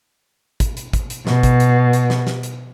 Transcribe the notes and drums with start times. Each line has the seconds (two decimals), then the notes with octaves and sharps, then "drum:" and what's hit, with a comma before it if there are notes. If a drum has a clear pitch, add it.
0.60 drum: kick, hi-hat
0.77 drum: hi-hat
0.93 drum: kick, hi-hat
1.10 drum: hi-hat
1.27 B2, drum: snare
1.43 drum: kick, hi-hat
1.60 drum: hi-hat
1.93 drum: hi-hat
2.10 drum: snare
2.27 drum: snare
2.43 drum: hi-hat